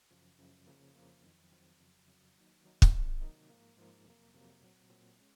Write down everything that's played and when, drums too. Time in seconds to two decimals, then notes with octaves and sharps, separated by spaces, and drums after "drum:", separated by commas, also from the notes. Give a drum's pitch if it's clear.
0.11 F#2 C#3 F3
0.39 F#2 C#3 F3
0.67 F2 C#3 F3 A#3
0.96 F2 C#3 F3 A#3
1.24 F2 D#3 F#3 C4
1.51 F2 D#3 F#3 C4
1.80 F2 C#3 F#3
2.07 F2 C#3 F#3
2.36 D#3 F#3 A#3 D#4
2.64 D#3 F#3 A#3 D#4
2.82 drum: kick
2.93 C3 D#3 F#3 A#3 D#4
3.21 C3 D#3 F#3 A#3 D#4
3.50 G#2 F3 A#3
3.77 G#2 F3 A#3
4.06 F2 C3 F#3 A#3
4.34 F2 C3 F#3 A#3
4.62 A#2 F#3 C4
4.90 A#2 F#3 C4
5.18 G#3 C#4